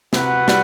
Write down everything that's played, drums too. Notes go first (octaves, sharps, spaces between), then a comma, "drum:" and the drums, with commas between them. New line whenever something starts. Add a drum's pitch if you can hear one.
C3 F#4 B4 F#5, drum: snare
G3, drum: snare